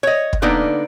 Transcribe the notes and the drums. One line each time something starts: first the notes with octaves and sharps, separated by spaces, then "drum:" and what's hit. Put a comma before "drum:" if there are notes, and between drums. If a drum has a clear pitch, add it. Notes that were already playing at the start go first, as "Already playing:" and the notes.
C#5 D#5
drum: kick
D3 A#3 B3 D4 D#4